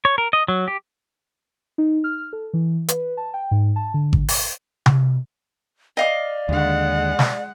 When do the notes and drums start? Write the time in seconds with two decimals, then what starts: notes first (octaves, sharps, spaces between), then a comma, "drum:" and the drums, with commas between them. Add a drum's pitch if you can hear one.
0.05 C#5
0.18 A#4
0.33 D#5
0.48 F#3
0.68 G4
1.78 D#4
2.04 F6
2.33 A4
2.54 E3
2.88 B4, drum: hi-hat
3.17 A5
3.34 G5
3.51 G#2
3.76 A5
3.94 D3
4.13 drum: kick G#1
4.28 drum: open hi-hat
4.86 drum: tom C3
5.97 D5 D#5 F5 D6
6.49 D#2 D3 G#3 F#5
7.19 drum: snare